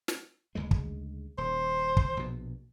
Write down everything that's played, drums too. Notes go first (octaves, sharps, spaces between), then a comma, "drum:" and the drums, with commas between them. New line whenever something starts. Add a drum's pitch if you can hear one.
drum: snare
D2 C#3 G#3
drum: kick
D#1 C5
drum: kick
A#1 B2